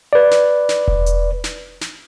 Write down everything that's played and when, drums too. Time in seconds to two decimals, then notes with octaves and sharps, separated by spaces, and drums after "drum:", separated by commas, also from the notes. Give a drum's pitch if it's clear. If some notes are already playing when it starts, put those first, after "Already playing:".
0.13 B4 D5
0.31 drum: snare
0.69 drum: snare
0.88 drum: kick E1
1.06 drum: hi-hat
1.44 drum: snare
1.81 drum: snare